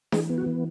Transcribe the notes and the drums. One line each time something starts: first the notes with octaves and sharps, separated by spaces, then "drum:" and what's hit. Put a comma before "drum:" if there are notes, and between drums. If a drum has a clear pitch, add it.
E3 G#4, drum: snare D4
B3
F#4
E3